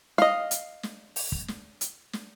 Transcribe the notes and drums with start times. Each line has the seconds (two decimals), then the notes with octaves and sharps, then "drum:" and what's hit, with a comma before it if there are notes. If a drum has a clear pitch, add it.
0.18 D#5 F5, drum: snare
0.51 drum: hi-hat
0.83 drum: snare
1.16 drum: open hi-hat
1.32 drum: kick
1.48 drum: snare
1.81 drum: hi-hat
2.13 drum: snare